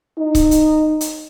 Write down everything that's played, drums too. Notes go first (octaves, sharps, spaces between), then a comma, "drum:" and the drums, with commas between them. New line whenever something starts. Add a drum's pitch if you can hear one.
D#4
drum: kick C#1, hi-hat
drum: hi-hat
drum: hi-hat